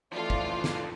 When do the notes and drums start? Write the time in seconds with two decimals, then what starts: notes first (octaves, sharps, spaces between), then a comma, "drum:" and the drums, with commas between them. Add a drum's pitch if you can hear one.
0.13 E3 F3 A3 F4 A4 D5
0.30 drum: kick F#1
0.64 drum: snare